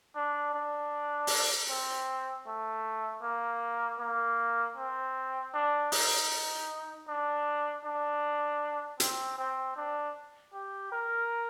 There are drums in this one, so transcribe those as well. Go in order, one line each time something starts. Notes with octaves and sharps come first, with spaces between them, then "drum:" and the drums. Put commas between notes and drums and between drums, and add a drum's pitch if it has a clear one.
D4
D4
drum: open hi-hat
C4
A3
A#3
A#3
C4
D4
D#4, drum: open hi-hat
D4
D4
C4, drum: hi-hat
C4
D4
G4
A#4